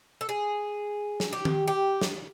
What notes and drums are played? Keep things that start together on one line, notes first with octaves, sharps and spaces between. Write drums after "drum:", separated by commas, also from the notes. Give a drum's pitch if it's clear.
A4
G#4
drum: snare
G4
drum: tom D#3
G4
drum: snare